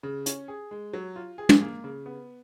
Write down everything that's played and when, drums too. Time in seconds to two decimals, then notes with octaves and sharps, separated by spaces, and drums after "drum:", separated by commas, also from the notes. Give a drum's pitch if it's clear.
0.03 C#3
0.26 C#4, drum: hi-hat
0.48 G#4
0.71 G#3
0.93 F#3
1.16 F4
1.38 G#4
1.49 drum: tom
1.61 A#3
1.84 C#3
2.06 B3